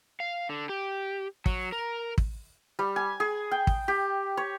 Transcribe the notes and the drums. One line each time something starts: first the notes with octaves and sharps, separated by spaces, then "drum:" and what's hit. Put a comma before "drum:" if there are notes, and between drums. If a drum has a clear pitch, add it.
F5
D3
G4
F#3, drum: kick
A#4
drum: kick
G3
G#5
G#4
G5
drum: kick
G4
C#5